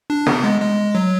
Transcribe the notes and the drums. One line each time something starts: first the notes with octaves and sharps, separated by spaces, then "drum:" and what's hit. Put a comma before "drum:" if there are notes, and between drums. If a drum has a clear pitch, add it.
D4
B3, drum: snare
G#3
G#3
F#3